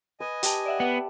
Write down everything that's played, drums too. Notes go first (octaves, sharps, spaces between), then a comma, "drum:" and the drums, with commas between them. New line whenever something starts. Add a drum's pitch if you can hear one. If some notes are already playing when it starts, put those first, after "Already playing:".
B4 D#5 G#5
G4 A5, drum: hi-hat
D5 E5 F#5
B3